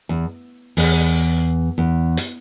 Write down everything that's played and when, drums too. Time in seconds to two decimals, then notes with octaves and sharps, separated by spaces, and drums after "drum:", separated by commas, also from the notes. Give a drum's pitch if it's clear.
0.09 E2
0.77 E2, drum: open hi-hat
1.78 E2
2.17 drum: hi-hat